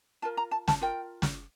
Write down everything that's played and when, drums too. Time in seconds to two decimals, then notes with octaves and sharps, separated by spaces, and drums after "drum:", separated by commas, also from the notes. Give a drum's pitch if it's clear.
0.22 F4 A#4 A5
0.37 A#5
0.51 A5
0.68 A5, drum: snare
0.81 F4 A#4 G5
1.22 drum: snare